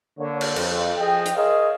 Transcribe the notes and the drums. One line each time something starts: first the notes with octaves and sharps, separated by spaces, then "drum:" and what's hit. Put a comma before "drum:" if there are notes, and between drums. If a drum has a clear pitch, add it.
D3 A#3 C#5
drum: cymbal
F2, drum: cymbal
F3 G#4 D#5 G5
drum: hi-hat
G#4 A#4 C5 C#5 D#5 F5